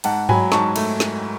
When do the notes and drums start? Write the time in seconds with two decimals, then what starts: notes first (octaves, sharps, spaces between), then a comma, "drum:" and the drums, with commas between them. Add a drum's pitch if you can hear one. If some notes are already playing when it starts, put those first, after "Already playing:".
0.04 G#2 F#5 A5, drum: cymbal
0.29 F#3 G#5 B5, drum: tom G2
0.52 G#2 A5 C#6, drum: snare
0.76 A3, drum: cymbal
1.00 drum: snare